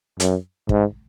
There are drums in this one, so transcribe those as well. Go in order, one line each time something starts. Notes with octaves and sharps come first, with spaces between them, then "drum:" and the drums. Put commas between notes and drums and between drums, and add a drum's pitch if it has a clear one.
F#2, drum: hi-hat
G#2, drum: kick